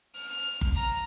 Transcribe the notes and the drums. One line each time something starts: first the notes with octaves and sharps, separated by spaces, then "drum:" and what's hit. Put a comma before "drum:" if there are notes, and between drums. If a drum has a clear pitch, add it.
F6
drum: kick F#1
A#5